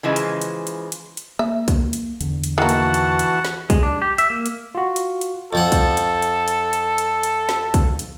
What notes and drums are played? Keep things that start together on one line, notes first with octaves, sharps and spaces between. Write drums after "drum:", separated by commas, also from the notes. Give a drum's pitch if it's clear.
C#3 E3 F3 G#3
drum: hi-hat
drum: hi-hat
drum: hi-hat
drum: hi-hat
drum: hi-hat
A#3 E5
drum: kick, hi-hat
drum: hi-hat
A1 E2 D3, drum: hi-hat
drum: hi-hat
D#3 E3 A#3 F#4 F#5 A5
drum: hi-hat
drum: hi-hat
drum: hi-hat
drum: snare
G#3, drum: kick, hi-hat
D4
G4
E5, drum: hi-hat
A#3
drum: hi-hat
F4 F#4
drum: hi-hat
drum: hi-hat
F2 F3 A4 F#5
drum: kick, hi-hat
drum: hi-hat
drum: hi-hat
drum: hi-hat
drum: hi-hat
drum: hi-hat
drum: hi-hat
drum: snare
drum: kick, hi-hat
drum: hi-hat